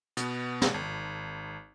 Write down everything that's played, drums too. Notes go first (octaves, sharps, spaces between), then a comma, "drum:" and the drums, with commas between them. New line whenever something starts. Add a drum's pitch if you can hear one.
B2 B3, drum: hi-hat
drum: snare
G#1